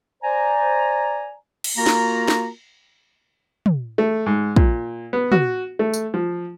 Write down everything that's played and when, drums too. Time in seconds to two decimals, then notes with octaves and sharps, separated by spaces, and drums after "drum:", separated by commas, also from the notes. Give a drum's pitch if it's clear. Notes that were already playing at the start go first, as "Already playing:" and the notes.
0.23 C5 D5 G#5 A#5
1.64 drum: cymbal
1.77 A#3 F4 F#4 A#4 A#5
1.86 drum: snare
2.28 drum: snare
3.66 drum: tom
3.98 A3
4.26 G#2
4.56 A#2, drum: kick
5.13 B3
5.32 F#4, drum: tom
5.79 A3
5.94 drum: tambourine
6.14 F3